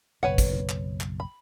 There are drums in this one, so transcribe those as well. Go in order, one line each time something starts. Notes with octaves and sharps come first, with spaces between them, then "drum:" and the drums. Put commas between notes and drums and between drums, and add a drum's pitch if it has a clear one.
F#1 B1 B4 C#5 F#5
drum: kick G#1, hi-hat
drum: clap
drum: clap
B5